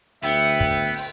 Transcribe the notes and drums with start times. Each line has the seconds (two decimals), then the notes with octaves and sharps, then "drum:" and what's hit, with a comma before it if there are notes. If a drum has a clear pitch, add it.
0.24 D2 B3 E5 G5, drum: hi-hat
0.60 drum: kick, hi-hat
0.97 drum: open hi-hat